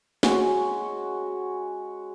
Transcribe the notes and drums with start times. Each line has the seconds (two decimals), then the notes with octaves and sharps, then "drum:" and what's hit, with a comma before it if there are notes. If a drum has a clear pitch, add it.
0.23 G#3 C#4 F#4, drum: snare